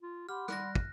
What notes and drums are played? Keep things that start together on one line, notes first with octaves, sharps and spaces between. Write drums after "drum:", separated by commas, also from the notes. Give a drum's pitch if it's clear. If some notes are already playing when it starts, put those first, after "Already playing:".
F4
G4 F#5 B5 C6 F6
G3 F#6 A#6, drum: rim click
drum: kick